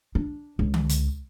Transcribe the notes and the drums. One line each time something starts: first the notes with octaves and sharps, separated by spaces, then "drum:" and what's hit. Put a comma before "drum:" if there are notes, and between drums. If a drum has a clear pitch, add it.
D4
C#2
drum: tom D3
drum: hi-hat